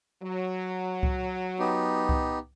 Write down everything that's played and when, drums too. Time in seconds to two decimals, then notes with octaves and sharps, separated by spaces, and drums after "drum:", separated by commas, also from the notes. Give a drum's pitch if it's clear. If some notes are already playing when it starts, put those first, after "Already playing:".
0.23 F#3
1.03 drum: kick C2
1.59 B3 D#4 G4
2.09 drum: kick C2